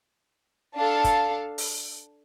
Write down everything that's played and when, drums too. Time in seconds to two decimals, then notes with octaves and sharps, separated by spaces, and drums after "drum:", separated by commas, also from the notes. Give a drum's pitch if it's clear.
0.77 D4 A4 F5 A5
1.04 drum: kick, hi-hat
1.58 drum: open hi-hat